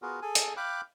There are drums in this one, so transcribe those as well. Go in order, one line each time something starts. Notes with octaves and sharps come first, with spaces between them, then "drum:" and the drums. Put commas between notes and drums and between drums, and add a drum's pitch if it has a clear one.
B3 F4 F#4 G#4 A#4
G#4 A4 G#5
drum: hi-hat
F5 G5 B5 D6 F#6